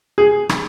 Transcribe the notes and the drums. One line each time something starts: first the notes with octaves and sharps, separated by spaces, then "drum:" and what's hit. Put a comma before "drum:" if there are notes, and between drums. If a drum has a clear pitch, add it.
G#4
drum: rim click